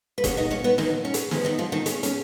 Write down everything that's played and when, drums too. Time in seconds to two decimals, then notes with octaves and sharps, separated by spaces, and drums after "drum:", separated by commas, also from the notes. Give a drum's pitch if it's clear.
0.18 B4
0.24 A#2 F#3 B3 C#4 C#5, drum: kick F#1, hi-hat
0.37 D#4 D#5
0.51 C#4 C#5
0.64 B3 B4
0.78 D#3 D#4, drum: snare
1.05 C#4
1.14 drum: hi-hat
1.31 F2 F3 B3 C#4, drum: snare
1.45 D#3 D#4
1.59 F3 F4
1.72 D#3 D#4
1.86 C#4, drum: hi-hat
2.03 C#4, drum: hi-hat